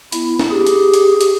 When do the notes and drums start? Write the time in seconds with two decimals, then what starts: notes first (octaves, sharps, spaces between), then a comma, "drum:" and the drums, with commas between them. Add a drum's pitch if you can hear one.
0.12 B3 E4, drum: hi-hat
0.39 drum: snare
0.50 G4 G#4
0.66 drum: hi-hat
0.94 drum: hi-hat
1.21 drum: hi-hat